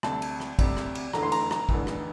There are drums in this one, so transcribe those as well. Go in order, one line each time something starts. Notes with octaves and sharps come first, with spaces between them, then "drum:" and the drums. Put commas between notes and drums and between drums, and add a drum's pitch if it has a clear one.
D2 C3 G3 A5, drum: rim click
drum: cymbal
drum: rim click
D2 C3 G3, drum: kick, cymbal
drum: rim click
drum: cymbal
F1 E2 D3 A3 A#5, drum: rim click
C6
A#5, drum: cymbal
A#5, drum: rim click
F1 E2 D3 A3, drum: kick
drum: rim click